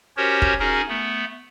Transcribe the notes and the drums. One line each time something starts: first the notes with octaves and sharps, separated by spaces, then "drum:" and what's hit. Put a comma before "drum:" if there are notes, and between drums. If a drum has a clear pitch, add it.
C#4 F#4 G4 A#4 C5 C#5
drum: kick
C#4 D#4 F#4 G#4 A#4
A3 B3